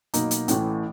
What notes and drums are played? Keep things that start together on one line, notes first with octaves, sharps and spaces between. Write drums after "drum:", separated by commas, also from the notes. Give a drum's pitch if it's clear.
B2 F#3 A#3 D#4, drum: hi-hat
drum: hi-hat
A1 A2 E3 A3, drum: hi-hat